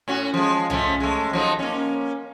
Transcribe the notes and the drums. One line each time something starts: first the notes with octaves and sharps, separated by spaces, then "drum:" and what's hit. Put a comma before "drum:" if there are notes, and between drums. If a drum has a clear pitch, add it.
A2 C#4 F#4
F3 G#3
F3 A3 C#4, drum: tom C2
G#3 A3
F3 F#3 D#4
A#3 C#4